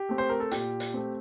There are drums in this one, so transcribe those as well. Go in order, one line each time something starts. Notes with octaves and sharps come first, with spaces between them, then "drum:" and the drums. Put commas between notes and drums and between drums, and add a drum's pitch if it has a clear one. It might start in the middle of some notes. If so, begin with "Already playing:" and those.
Already playing: G4
A3 C4
C5
A#4
A4
A#2 G4, drum: hi-hat
drum: hi-hat
A3 C4